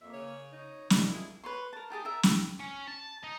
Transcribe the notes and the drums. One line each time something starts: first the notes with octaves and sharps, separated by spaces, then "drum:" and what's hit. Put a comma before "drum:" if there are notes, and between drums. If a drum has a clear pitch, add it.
F2 A#3 E5
C#3 C#5
D#4 C#5
C3 D#3 D4, drum: snare
E4 F4 G#4
B4 C#5 C6
A#4 A5
D#4 G4 G#4 A5
A#4 E5
G4, drum: snare
C#4
A5
D#4